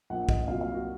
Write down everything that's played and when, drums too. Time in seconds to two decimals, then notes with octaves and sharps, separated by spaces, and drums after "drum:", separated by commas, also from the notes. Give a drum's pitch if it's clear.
0.10 A#1 A#2 F3 F#5
0.29 D#5, drum: kick
0.48 C2 A#2 F#3 F5
0.61 F5
0.74 F#4